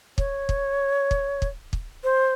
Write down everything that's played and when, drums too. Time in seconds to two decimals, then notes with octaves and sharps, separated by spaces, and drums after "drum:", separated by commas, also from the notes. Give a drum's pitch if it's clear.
0.18 C#5, drum: kick
0.49 drum: kick
1.11 drum: kick
1.42 drum: kick
1.73 drum: kick
2.04 C5